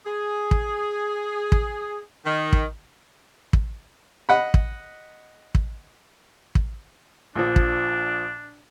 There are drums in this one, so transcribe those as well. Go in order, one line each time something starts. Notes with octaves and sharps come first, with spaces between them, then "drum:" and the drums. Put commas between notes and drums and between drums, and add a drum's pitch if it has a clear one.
G#4
drum: kick
drum: kick
D#3
drum: kick
drum: kick
D#5 F#5 B5
drum: kick
drum: kick
drum: kick
A#1 F3 D4
drum: kick